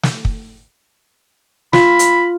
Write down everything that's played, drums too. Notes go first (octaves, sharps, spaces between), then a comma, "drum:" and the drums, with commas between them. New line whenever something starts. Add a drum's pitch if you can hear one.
drum: snare
drum: kick
F4 B5, drum: snare
drum: hi-hat